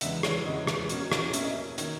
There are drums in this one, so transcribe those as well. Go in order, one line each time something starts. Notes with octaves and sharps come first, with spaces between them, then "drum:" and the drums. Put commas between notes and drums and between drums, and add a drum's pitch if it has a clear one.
E2 C#3 G#3 B3 E5, drum: hi-hat
C#5, drum: rim click
E2 C#3 G#3 B3 D#5
drum: rim click
B2 A#3 C#4, drum: hi-hat
drum: rim click
B2 A#3 C#4 E5, drum: hi-hat
D#5
E5
D#3 A#3 C#4, drum: hi-hat